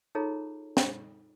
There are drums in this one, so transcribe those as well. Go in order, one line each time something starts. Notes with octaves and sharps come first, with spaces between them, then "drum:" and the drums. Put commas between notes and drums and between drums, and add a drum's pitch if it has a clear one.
D#4 F4 G#4 A4 C#5 A#5
drum: snare